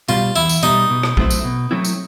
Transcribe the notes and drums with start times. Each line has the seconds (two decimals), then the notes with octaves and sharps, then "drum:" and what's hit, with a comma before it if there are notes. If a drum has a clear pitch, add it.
0.09 B2 G3 F4
0.36 E2 E4
0.49 drum: tambourine
0.63 B2 G3 D#4
0.90 B2
1.03 drum: rim click
1.17 F#3 A3 C4 E4, drum: kick
1.30 drum: tambourine
1.44 B2
1.71 F#3 A3 C4 E4
1.85 drum: tambourine